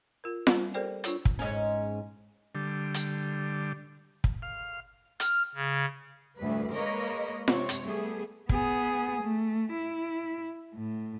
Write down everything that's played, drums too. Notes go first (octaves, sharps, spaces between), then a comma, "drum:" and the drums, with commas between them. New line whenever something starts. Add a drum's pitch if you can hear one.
F4 A#4
G3 A#3, drum: snare F4
G4 A4 A#4 C5 D5 G5
D4 F4 C#5, drum: hi-hat
drum: kick
G#2 C#4
D3 G3
drum: hi-hat
drum: kick
F5
F6, drum: hi-hat
C#3
D2 A2 G3 B4
G#3 A#3 A#4 B4 C#5 D#5
C3 C4 D4 C#5, drum: snare F4
drum: hi-hat
G3 A3 B3 G#4
B3 G#4, drum: kick
A3
E4
A2